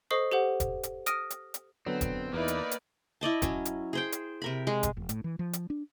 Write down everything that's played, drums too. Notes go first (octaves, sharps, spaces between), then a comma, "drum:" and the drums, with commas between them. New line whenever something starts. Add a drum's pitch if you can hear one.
A4 C5 D#5 C#6 D#6 C7
G4 A4 C5 F#5
drum: kick E1, hi-hat
drum: hi-hat
D#6 F6 A#6 D7 D#7, drum: hi-hat
drum: hi-hat
drum: hi-hat
D3 F#3 B3 C4
drum: kick E1, hi-hat
E2 A#3 D#4 E4 B4 D5
drum: hi-hat
drum: hi-hat
E4 D5 D#5 A5
F#3 C#4, drum: kick E1, hi-hat
drum: hi-hat
G#4 C5 G5
drum: hi-hat
C3 A#4 B5
G#3
drum: kick E1, hi-hat
F1
A2, drum: hi-hat
E3
F3
drum: hi-hat
D4